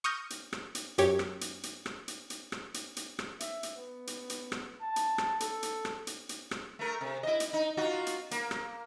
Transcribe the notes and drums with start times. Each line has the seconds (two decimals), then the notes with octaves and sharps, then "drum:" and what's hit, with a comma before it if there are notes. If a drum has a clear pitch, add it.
0.04 C#6 D#6 F6 G6 A#6
0.30 drum: hi-hat
0.53 drum: rim click
0.75 drum: hi-hat
0.98 F#2 G4 C#5, drum: hi-hat
1.19 drum: rim click
1.41 drum: hi-hat
1.63 drum: hi-hat
1.86 drum: rim click
2.08 drum: hi-hat
2.30 drum: hi-hat
2.52 drum: rim click
2.74 drum: hi-hat
2.96 drum: hi-hat
3.19 drum: rim click
3.40 E5, drum: hi-hat
3.63 drum: hi-hat
3.76 B3
4.07 drum: hi-hat
4.30 drum: hi-hat
4.52 drum: rim click
4.81 A5
4.96 drum: hi-hat
5.18 drum: rim click
5.40 A4, drum: hi-hat
5.63 drum: hi-hat
5.85 drum: rim click
6.07 drum: hi-hat
6.29 drum: hi-hat
6.51 drum: rim click
6.79 A3 A#4
7.01 C3
7.23 E4 D#5
7.40 drum: hi-hat
7.53 D#4
7.77 D#4 F4 F#4
8.07 drum: hi-hat
8.31 A#3, drum: hi-hat
8.51 drum: rim click